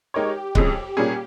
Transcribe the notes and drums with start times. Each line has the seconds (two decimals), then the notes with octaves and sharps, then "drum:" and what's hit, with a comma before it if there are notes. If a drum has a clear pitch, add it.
0.14 G#3 D#4 G4 A#4 C#5
0.55 F2 C#3 G#3, drum: kick C#1
0.97 A#2 G3 A#3 C#4 G#4